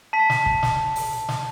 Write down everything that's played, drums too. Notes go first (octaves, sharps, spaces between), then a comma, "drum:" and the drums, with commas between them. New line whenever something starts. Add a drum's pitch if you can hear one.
A5 B6
drum: snare
drum: kick
drum: snare
drum: open hi-hat
drum: snare